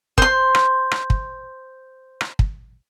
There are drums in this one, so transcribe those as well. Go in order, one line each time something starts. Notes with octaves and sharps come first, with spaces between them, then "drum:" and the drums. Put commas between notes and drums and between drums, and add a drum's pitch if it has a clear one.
C5 C6, drum: kick
drum: rim click
drum: rim click
drum: kick
drum: rim click
drum: kick